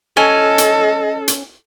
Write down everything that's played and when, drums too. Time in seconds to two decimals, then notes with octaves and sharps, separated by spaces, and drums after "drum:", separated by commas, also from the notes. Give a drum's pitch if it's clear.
0.17 C#4 A4 D#5 G#5
0.58 drum: hi-hat
1.28 drum: hi-hat